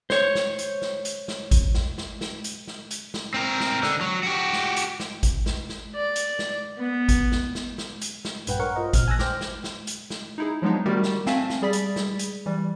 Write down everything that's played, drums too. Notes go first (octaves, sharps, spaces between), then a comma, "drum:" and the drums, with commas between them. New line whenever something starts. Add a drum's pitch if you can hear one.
C5 C#5, drum: snare
drum: snare
drum: hi-hat
drum: snare
drum: hi-hat
drum: snare
drum: kick G#1, hi-hat
drum: snare
drum: snare
drum: snare
drum: hi-hat
drum: snare
drum: hi-hat
drum: snare
C4 A#4
drum: snare
D3, drum: snare
F#3
F#4 G4
drum: snare
drum: hi-hat
drum: snare
drum: kick G#1, hi-hat
drum: snare
drum: snare
D5
drum: hi-hat
drum: snare
B3
drum: kick G#1, hi-hat
drum: snare
drum: snare
drum: snare
drum: hi-hat
drum: snare
A#1 G2 B4 F#5 G5, drum: hi-hat
A#4 C#5 F#5 C#6
F4 C5 D#5
A#2 F6, drum: kick G#1, hi-hat
G#5 A5 E6 F#6 A#6
C5 G5 D6 F6, drum: snare
drum: snare
drum: snare
drum: hi-hat
drum: snare
D#4 E4 G#4
F3 F#3 G#3 B3 D4 D#4
D#3 G3 A3 F#4 G4 A#4
drum: snare
A3 C4 E5 F5 G#5 A5, drum: snare
drum: snare
G3 G#4 D5 B5 B6
drum: hi-hat
drum: snare
drum: hi-hat
E3 G3